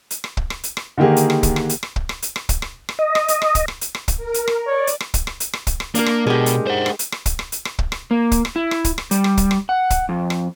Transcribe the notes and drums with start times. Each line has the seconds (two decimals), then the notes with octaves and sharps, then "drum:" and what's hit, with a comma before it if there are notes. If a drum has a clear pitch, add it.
0.11 drum: hi-hat
0.24 drum: rim click
0.37 drum: kick
0.50 drum: rim click
0.64 drum: hi-hat
0.77 drum: rim click
0.98 D3 D#3 A#3 G4 G#4
1.16 drum: hi-hat
1.30 drum: rim click
1.43 drum: kick, hi-hat
1.56 drum: rim click
1.69 drum: hi-hat
1.83 drum: rim click
1.96 drum: kick
2.09 drum: rim click
2.22 drum: hi-hat
2.36 drum: rim click
2.49 drum: kick, hi-hat
2.62 drum: rim click
2.89 drum: rim click
2.99 D#5
3.15 drum: rim click
3.28 drum: hi-hat
3.42 drum: rim click
3.55 drum: kick, hi-hat
3.68 drum: rim click
3.81 drum: hi-hat
3.95 drum: rim click
4.08 drum: kick, hi-hat
4.17 A#4
4.34 drum: hi-hat
4.48 drum: rim click
4.66 C#5 D5
4.87 drum: hi-hat
5.00 drum: rim click
5.14 drum: kick, hi-hat
5.27 drum: rim click
5.40 drum: hi-hat
5.53 drum: rim click
5.67 drum: kick, hi-hat
5.80 drum: rim click
5.95 A#3 D4 A#4, drum: hi-hat
6.06 drum: rim click
6.27 B2 G#3 G4
6.46 drum: hi-hat
6.67 C5 F#5
6.86 drum: rim click
6.99 drum: hi-hat
7.12 drum: rim click
7.26 drum: kick, hi-hat
7.39 drum: rim click
7.52 drum: hi-hat
7.65 drum: rim click
7.79 drum: kick
7.92 drum: rim click
8.11 A#3
8.32 drum: kick, hi-hat
8.45 drum: rim click
8.56 E4
8.71 drum: rim click
8.84 drum: kick, hi-hat
8.98 drum: rim click
9.11 G3, drum: hi-hat
9.24 drum: rim click
9.37 drum: kick, hi-hat
9.51 drum: rim click
9.69 F#5
9.90 drum: kick, hi-hat
10.09 F2
10.30 drum: rim click